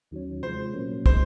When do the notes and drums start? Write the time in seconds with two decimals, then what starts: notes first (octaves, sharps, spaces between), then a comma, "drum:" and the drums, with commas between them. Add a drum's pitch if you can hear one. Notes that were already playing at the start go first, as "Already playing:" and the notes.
0.11 D#2 D#3 F#3 C#4
0.42 C3 F3 G#3 C5
0.74 A#2 F#3 A#3 C#4
1.06 C#3 G#3 D#4 C5, drum: kick